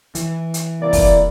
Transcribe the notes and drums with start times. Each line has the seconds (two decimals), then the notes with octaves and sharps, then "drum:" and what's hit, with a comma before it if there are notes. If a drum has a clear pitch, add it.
0.15 E3, drum: hi-hat
0.54 drum: hi-hat
0.82 C2 A#3 E4 D5
0.93 drum: kick, open hi-hat